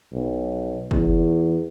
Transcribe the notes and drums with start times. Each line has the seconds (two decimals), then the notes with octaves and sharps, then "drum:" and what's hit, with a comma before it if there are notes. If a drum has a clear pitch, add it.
0.13 B1
0.91 E2, drum: kick